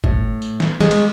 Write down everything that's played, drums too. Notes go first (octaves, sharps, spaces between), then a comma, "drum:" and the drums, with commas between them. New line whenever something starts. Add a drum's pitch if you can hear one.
A2, drum: kick
drum: tambourine
drum: snare
G#3, drum: snare
drum: cymbal